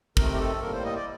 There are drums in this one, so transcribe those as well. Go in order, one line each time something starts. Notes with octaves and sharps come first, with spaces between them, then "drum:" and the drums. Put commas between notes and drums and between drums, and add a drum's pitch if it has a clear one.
C3 D#3 A3 C4 A#4, drum: kick
G4
A4
A2 G3 A#3 A#4
C5
D#5
D5